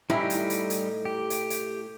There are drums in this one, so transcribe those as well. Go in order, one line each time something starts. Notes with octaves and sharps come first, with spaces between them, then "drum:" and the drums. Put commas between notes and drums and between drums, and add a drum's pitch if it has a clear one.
A2 G3 D#4 E4 G4 G#5
drum: hi-hat
drum: hi-hat
drum: hi-hat
G4
drum: hi-hat
drum: hi-hat